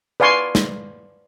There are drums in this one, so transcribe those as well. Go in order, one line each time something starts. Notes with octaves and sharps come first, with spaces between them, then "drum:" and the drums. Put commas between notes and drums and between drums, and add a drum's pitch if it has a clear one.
B4 D5 F5 G#5 C6 C#6
drum: snare